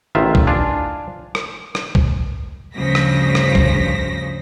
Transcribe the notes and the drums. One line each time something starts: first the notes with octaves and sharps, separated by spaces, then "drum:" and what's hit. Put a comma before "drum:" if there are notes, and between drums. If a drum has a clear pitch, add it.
A1 D#3 F4 E5
drum: kick C2
D4 F4 F5 G#5
drum: rim click
drum: rim click
drum: kick C2
D2 G2 C#3 F3 A#6 B6
drum: rim click
drum: rim click
drum: kick C2